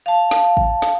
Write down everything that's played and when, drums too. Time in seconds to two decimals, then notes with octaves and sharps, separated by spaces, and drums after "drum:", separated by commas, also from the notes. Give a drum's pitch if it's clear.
0.06 F5 A5
0.31 drum: snare
0.57 drum: kick
0.82 drum: snare